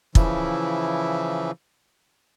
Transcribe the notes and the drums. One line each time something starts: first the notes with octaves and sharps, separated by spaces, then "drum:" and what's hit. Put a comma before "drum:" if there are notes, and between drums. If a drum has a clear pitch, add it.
C#3 E3 F3 E4, drum: kick